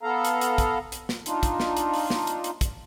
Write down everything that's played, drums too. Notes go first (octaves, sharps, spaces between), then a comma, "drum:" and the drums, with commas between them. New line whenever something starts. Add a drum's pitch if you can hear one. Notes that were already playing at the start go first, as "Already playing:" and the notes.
B3 A4 F5 A#5
drum: hi-hat
drum: hi-hat
drum: kick, hi-hat
drum: hi-hat
drum: snare
D4 D#4 F4, drum: hi-hat
drum: kick, hi-hat
drum: snare
drum: hi-hat
drum: open hi-hat
drum: snare
drum: hi-hat
drum: hi-hat
drum: kick, hi-hat